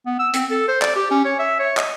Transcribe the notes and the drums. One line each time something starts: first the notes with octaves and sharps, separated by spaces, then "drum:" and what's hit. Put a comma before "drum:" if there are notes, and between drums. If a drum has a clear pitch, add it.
B3
E6
C4, drum: hi-hat
A4
C5
D5, drum: clap
G4
C#4
C#5
E5
C#5
D#5, drum: clap